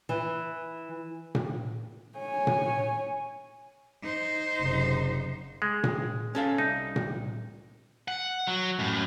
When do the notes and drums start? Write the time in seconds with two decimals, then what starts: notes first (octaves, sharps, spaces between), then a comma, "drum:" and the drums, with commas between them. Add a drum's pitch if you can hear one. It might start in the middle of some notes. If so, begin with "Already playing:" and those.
0.09 E3
1.35 drum: tom A#2
2.19 C#5 G#5
2.47 drum: tom A#2
4.03 D#4 C5
4.58 F#1 C3
5.62 G#3
5.84 drum: tom A#2
6.35 C#4 A4 F5
6.58 C2 D#4
6.96 drum: tom A#2
8.08 F#5
8.47 F#3
8.79 F#2 A2